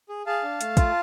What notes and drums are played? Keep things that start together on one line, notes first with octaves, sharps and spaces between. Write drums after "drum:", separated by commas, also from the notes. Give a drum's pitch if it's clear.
G#4
G#4 F5 A5
D4
A3, drum: hi-hat
F4, drum: kick, hi-hat